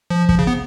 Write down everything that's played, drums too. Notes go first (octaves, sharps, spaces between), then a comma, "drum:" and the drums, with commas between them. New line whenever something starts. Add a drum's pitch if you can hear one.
F3
F3, drum: kick
C#3
B3